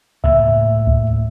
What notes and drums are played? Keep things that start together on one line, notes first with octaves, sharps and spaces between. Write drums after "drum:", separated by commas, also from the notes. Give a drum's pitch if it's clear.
A2 C#3 A#3 E5, drum: kick C#2
drum: kick C#2